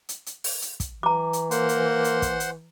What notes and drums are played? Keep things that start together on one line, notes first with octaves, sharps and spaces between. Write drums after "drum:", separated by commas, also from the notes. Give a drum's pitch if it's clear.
drum: hi-hat
drum: hi-hat
drum: open hi-hat
drum: hi-hat
drum: kick, hi-hat
E3 A#5 D6
drum: hi-hat
A#3 C5 F#5 C6, drum: hi-hat
drum: hi-hat
drum: hi-hat
drum: kick, hi-hat
drum: hi-hat